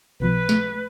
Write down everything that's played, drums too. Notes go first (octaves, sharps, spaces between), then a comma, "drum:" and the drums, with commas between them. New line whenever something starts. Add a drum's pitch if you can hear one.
B1 B2 F3 B4
drum: snare